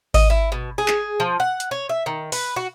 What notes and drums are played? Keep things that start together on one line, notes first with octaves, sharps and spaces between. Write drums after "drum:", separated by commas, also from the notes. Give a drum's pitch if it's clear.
D#5, drum: kick G#1, open hi-hat
E4
B2
G#4
drum: clap
F3
F#5
drum: hi-hat
C#5
E5
D#3
B4, drum: open hi-hat
F#4